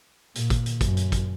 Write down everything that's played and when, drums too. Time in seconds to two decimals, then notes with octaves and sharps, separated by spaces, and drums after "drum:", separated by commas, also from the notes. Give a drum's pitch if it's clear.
0.35 A#2, drum: hi-hat
0.50 drum: kick, hi-hat
0.66 drum: hi-hat
0.81 F#2, drum: kick, hi-hat
0.97 drum: hi-hat
1.12 drum: kick, hi-hat